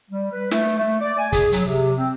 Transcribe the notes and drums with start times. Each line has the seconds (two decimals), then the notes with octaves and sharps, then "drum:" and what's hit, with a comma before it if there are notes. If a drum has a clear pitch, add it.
0.11 G3
0.32 B4
0.51 A3, drum: snare
0.78 A3
1.01 D5
1.19 G#5
1.32 G#4, drum: kick, hi-hat
1.52 F#3, drum: hi-hat
1.66 C3
1.98 C4